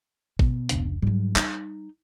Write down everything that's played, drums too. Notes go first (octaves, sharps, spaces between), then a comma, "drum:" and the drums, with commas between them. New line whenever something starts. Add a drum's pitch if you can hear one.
B2, drum: kick
F1 C#2 D4, drum: hi-hat
G#2 F#3 G3
D#4, drum: clap